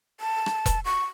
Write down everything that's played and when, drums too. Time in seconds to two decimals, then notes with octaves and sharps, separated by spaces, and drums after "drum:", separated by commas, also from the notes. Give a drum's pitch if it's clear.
0.20 A5
0.46 drum: rim click
0.66 drum: kick E1, hi-hat
0.85 C#6